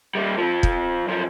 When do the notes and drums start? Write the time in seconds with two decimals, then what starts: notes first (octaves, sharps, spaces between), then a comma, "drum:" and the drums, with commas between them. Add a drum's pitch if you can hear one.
0.15 G3 A#3
0.38 F2 F3
0.63 drum: kick
1.08 F#2 F3